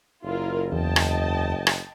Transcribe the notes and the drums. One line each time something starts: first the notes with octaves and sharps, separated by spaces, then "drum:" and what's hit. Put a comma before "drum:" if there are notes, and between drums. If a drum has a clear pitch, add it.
F#1 E4 F4 A#4
E2 D#5 G5 A5
drum: rim click
drum: rim click